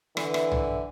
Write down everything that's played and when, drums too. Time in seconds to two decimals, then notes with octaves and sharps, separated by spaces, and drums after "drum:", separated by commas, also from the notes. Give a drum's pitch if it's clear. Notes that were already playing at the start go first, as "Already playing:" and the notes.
0.17 D3 E3, drum: rim click
0.34 drum: rim click
0.52 drum: tom